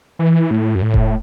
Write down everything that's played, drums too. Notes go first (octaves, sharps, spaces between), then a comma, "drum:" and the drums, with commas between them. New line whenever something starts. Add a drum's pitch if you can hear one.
E3
A2
F#2
A2
drum: kick E1